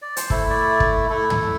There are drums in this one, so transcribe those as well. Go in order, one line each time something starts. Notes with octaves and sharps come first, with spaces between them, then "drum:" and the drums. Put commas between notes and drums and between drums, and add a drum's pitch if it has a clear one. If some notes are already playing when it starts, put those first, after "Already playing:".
D5
C5, drum: hi-hat
A3 E4 A4, drum: kick
D5
drum: kick
A3 E4 A4
A4, drum: tom